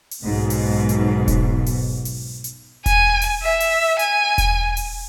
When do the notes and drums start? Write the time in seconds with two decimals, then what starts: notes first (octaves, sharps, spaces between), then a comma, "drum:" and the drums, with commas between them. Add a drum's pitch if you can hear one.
0.11 drum: open hi-hat
0.23 B1 G#2 B2
0.50 drum: open hi-hat
0.89 drum: hi-hat
1.28 drum: kick E1, hi-hat
1.66 drum: open hi-hat
2.05 drum: open hi-hat
2.44 drum: hi-hat
2.86 G#5, drum: kick E1, hi-hat
3.22 drum: open hi-hat
3.43 E5
3.60 drum: open hi-hat
3.99 G#5, drum: hi-hat
4.38 drum: kick E1, hi-hat
4.77 drum: open hi-hat